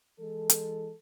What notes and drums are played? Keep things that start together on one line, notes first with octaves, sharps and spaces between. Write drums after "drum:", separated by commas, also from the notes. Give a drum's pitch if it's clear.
E3 G#3 A4
drum: hi-hat